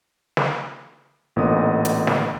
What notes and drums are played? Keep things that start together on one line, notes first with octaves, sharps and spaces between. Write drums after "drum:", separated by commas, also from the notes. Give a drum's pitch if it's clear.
drum: snare
A1 A#2 D3 B3 D#5 D#6
drum: hi-hat
drum: snare